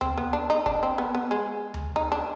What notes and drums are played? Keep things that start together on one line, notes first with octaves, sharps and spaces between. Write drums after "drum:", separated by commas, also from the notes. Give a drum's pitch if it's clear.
C4, drum: tom D2
B3
D4
D#4
D4, drum: kick
C4
B3
B3
G#3
drum: tom D2
D#4
D4